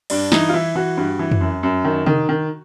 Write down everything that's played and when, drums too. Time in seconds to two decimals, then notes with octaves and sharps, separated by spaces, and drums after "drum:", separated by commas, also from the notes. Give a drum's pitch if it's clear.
0.10 G2 D4, drum: cymbal
0.32 E3 D#4, drum: snare
0.49 F4
0.54 E3 E4
0.75 E3 F#4
0.97 G2
1.19 E3
1.31 drum: tom F2
1.41 F#2
1.63 F#2
1.85 D#3
2.06 D#3, drum: tom C3
2.29 D#3